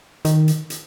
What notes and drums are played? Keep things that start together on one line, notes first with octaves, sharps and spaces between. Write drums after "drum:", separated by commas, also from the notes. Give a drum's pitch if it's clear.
D#3, drum: hi-hat
drum: hi-hat
drum: hi-hat